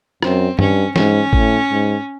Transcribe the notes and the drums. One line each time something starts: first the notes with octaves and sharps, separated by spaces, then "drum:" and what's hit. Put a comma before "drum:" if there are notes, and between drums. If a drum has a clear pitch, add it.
F#2 C4, drum: rim click
G2 C#4, drum: tom
G#2 C#4, drum: snare
A2, drum: kick G#1
G#2